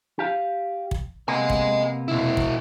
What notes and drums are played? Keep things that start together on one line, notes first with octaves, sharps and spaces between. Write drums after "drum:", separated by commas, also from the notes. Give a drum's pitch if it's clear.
G4 F5
drum: kick
C3 A#3 B3 D#5 G#5
drum: kick
B2 E4
drum: kick